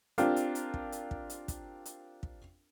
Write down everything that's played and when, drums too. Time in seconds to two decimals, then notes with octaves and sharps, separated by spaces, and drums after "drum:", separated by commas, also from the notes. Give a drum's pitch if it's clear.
0.18 C4 D4 F4 G4 A#4, drum: hi-hat
0.36 drum: hi-hat
0.55 drum: hi-hat
0.74 drum: kick
0.92 drum: hi-hat
1.11 drum: kick
1.30 drum: hi-hat
1.48 drum: kick, hi-hat
1.86 drum: hi-hat
2.23 drum: kick